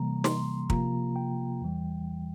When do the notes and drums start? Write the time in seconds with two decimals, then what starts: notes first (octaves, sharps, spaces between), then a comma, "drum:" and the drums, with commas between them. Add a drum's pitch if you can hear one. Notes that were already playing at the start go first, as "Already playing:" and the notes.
Already playing: C3 E3 G3 A#3 A#5
0.24 C6, drum: snare
0.70 C3 F3 A#3 F4 A#5, drum: kick
1.16 G5
1.61 E2 E3 G3